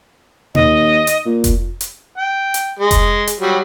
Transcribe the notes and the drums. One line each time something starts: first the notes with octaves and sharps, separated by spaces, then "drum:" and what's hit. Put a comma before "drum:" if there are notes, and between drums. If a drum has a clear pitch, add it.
D#2 D#5, drum: tom A#2
drum: hi-hat
A#2
drum: kick F1, hi-hat
drum: hi-hat
G5
drum: hi-hat
G#3
drum: kick F1, hi-hat
drum: hi-hat
F#3 G3